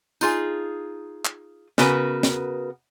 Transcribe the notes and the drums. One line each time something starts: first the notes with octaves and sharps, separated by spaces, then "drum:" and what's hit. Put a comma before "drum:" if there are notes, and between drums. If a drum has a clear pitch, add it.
D#4 F4 G#4, drum: tambourine
drum: clap
C#3 B3 F#4 A#4 B4, drum: snare
drum: snare